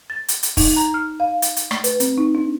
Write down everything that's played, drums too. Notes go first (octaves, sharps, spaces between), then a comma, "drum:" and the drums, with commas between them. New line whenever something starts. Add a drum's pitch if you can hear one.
A6
drum: hi-hat
drum: hi-hat
D#4, drum: kick, open hi-hat
A#5
F6
F5
drum: hi-hat
drum: hi-hat
A3, drum: rim click
B4, drum: hi-hat
C4, drum: hi-hat
D#4
D4